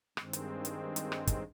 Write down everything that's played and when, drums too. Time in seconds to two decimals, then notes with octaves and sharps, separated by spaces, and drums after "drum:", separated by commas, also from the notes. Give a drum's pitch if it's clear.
0.17 G2 D#3 G#3 C4, drum: rim click
0.33 drum: hi-hat
0.65 drum: hi-hat
0.96 drum: hi-hat
1.12 drum: rim click
1.27 drum: kick, hi-hat